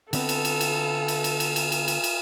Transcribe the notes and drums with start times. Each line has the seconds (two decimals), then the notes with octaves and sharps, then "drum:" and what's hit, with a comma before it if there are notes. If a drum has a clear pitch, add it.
0.13 D3 B3 C4 A4, drum: cymbal
0.29 drum: cymbal
0.45 drum: cymbal
0.61 drum: cymbal
1.08 drum: cymbal
1.24 drum: cymbal
1.40 drum: cymbal
1.56 drum: cymbal
1.72 drum: cymbal
1.88 drum: cymbal
2.04 drum: cymbal